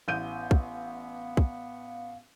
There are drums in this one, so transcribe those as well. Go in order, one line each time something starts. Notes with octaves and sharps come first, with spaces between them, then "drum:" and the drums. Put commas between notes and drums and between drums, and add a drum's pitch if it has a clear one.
A1 B3 F5 G6 D#7
drum: kick
drum: kick